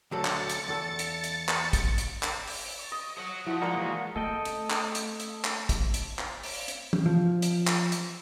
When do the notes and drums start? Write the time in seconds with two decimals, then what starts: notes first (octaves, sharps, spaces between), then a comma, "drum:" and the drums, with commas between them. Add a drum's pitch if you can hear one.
0.11 D2 F#3 A4 A6 C#7
0.25 drum: clap
0.49 drum: hi-hat
0.68 E2 A4
0.99 drum: hi-hat
1.24 drum: hi-hat
1.48 drum: clap
1.73 drum: kick, hi-hat
1.98 drum: hi-hat
2.23 drum: clap
2.47 drum: open hi-hat
2.79 C#6 A6
2.92 D#5
3.18 C#5 F#5
3.46 F3 E4 F#4 D#5
3.62 G#3 A#3 F#4 A#4 D5 A#5 F#6
3.78 E2
4.16 A3 A4 D#5 G5
4.45 drum: hi-hat
4.70 drum: clap
4.95 drum: hi-hat
5.20 drum: hi-hat
5.44 drum: clap
5.69 drum: kick, hi-hat
5.94 drum: hi-hat
6.19 drum: clap
6.43 drum: open hi-hat
6.68 drum: hi-hat
6.93 drum: tom E3
7.06 F3
7.42 drum: hi-hat
7.67 drum: clap
7.92 drum: hi-hat